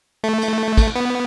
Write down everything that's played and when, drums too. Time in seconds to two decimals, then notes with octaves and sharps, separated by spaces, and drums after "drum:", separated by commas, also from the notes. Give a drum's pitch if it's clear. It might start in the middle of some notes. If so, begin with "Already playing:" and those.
0.24 A3
0.41 drum: cymbal
0.77 drum: kick, cymbal
0.95 B3